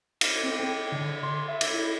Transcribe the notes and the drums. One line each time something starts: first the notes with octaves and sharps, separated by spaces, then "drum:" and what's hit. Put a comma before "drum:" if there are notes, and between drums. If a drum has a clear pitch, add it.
F5, drum: cymbal
C4
G5
D3
C6
E5
drum: cymbal
E4